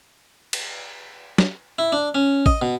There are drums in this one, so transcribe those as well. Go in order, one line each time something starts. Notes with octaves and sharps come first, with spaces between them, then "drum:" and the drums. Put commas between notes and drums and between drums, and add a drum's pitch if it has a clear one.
drum: cymbal
drum: snare
E4
D4
C#4
D#5, drum: kick
B2